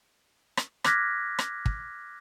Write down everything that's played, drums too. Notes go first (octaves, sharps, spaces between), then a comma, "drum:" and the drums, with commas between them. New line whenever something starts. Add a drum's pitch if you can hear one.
drum: rim click
D6 F6 F#6 G#6 A#6 B6, drum: rim click
drum: rim click
drum: kick